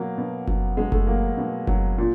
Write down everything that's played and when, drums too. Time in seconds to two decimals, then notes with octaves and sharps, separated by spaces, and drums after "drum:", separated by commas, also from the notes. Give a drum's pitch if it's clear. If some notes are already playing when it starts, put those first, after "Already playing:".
Already playing: B2 F#3 A#3
0.18 B2
0.47 F#3, drum: kick F#1
0.77 B2 G#3
0.92 A3, drum: kick F#1
1.07 F#3 A#3
1.38 B2
1.67 F#3, drum: kick F#1
1.98 A#2